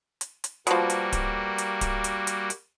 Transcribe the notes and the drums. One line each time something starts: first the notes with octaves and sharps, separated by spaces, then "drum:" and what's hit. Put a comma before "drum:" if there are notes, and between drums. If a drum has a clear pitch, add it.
drum: hi-hat
drum: hi-hat
B2 F3 G3 A#3 F#4, drum: hi-hat
drum: hi-hat
drum: kick D1, hi-hat
drum: hi-hat
drum: kick D1, hi-hat
drum: hi-hat
drum: hi-hat
drum: hi-hat